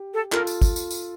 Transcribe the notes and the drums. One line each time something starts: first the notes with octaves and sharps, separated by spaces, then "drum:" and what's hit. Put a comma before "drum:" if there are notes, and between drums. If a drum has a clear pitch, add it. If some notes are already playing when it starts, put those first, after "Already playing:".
Already playing: G4
A4
F4 A4 A#4, drum: clap
drum: tambourine
drum: kick, tambourine
drum: tambourine
drum: tambourine